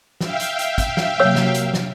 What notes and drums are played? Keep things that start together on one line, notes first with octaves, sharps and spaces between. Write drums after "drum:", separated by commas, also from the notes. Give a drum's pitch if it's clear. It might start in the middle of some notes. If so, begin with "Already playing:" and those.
E5 F5 G5, drum: snare
drum: hi-hat
drum: hi-hat
drum: kick, hi-hat
drum: snare
C3 F#3 A#3 C#5 E6
drum: snare
drum: hi-hat
drum: snare